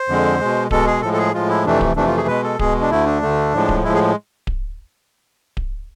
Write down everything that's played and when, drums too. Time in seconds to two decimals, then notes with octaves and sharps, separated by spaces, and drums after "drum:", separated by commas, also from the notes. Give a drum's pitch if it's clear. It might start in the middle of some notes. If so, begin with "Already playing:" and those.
Already playing: C5
0.08 F2 D3 G#3
0.39 B2 G#3
0.71 B2 G#3 A4, drum: kick D1
0.87 G#4
1.02 A2 F3 G#3 A4
1.13 A4
1.18 G#4
1.34 A2 F3 G#3 F4
1.49 E4
1.65 F2 C3 E3 A3 D4
1.81 drum: kick D1
1.96 F2 C3 E3 A3 D4
2.07 F4
2.17 G#4
2.27 B2 G#3 B4
2.43 A4
2.59 B2 G#3 G#4, drum: kick D1
2.81 D4
2.90 D2 D3 A3 E4
3.06 D4
3.22 D2 D3 A3
3.54 A2 F3 G#3
3.69 drum: kick D1
3.84 A2 F3 G#3 E4
3.95 G#4
4.47 drum: kick D1
5.57 drum: kick D1